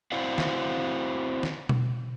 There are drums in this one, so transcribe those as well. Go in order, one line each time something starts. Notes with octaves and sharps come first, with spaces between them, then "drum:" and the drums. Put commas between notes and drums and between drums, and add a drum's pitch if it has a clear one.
C4 E4 F#4 C5 D5 F5
drum: snare
drum: snare
drum: tom B2